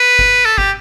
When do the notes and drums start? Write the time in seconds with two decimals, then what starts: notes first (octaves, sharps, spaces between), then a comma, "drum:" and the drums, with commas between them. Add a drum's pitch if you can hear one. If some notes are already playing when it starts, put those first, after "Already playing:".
Already playing: B4
0.19 drum: kick G1
0.45 A4
0.58 G4, drum: kick G1